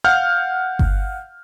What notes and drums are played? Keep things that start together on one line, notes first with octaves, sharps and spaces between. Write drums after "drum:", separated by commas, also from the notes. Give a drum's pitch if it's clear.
F5 F#5 F6 G6
drum: kick G1